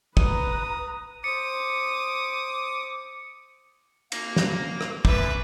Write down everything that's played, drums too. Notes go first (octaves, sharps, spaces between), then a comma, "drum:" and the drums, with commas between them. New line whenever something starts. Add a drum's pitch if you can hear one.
B4 A#5 D#6, drum: kick
C5 D6 D#6 C#7
A#3 A#6, drum: cymbal
drum: snare
drum: rim click
F#2 B4 E5 D6, drum: kick